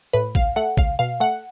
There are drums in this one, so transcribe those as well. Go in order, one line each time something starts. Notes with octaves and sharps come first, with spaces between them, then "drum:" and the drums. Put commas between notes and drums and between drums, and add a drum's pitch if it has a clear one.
A2 B4
C#2 F5, drum: kick A1
A3 F#5
C#2 F5, drum: kick A1
B2 F5
A3 F#5